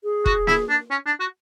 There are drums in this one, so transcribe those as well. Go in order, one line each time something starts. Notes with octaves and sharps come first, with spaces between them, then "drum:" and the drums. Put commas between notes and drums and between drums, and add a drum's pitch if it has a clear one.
G#4
F#4, drum: kick
E4, drum: snare A#3
D4
C#4
D4
F#4